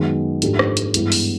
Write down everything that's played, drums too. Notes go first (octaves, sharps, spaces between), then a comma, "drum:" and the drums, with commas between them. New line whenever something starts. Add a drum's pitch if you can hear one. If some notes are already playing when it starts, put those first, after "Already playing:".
Already playing: F#2 D#3 G#3 B3 D#4
G#2 F3 A3 D4 G4, drum: hi-hat
drum: rim click
drum: hi-hat
G2 E3 G#3 B3 E4, drum: hi-hat
drum: open hi-hat